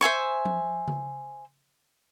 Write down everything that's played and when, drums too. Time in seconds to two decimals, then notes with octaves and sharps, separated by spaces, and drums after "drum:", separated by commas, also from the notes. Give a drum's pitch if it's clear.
0.01 C5 E5 G#5 C#6
0.45 drum: tom F3
0.88 drum: tom C#3